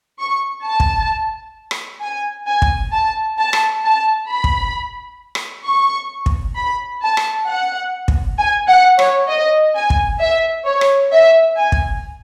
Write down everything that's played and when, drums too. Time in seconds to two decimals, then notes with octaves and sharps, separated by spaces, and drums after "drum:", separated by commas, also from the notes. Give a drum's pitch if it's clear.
0.19 C#6
0.65 A5
0.80 drum: kick
1.71 drum: rim click
2.02 G#5
2.47 G#5
2.62 drum: kick
2.93 A5
3.38 A5
3.53 drum: rim click
3.84 A5
4.28 B5
4.44 drum: kick
5.35 drum: rim click
5.65 C#6
6.26 drum: kick
6.56 B5
7.02 A5
7.17 drum: rim click
7.48 F#5
8.08 drum: kick
8.38 G#5
8.68 F#5
8.99 C#5, drum: rim click
9.29 D#5
9.75 G#5
9.90 drum: kick
10.20 E5
10.66 C#5
10.81 drum: rim click
11.11 E5
11.56 G#5
11.72 drum: kick